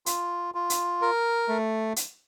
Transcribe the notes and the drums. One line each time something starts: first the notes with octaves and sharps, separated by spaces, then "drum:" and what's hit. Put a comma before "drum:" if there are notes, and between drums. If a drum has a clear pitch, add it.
F4, drum: hi-hat
F4
drum: hi-hat
A#4
A3
drum: hi-hat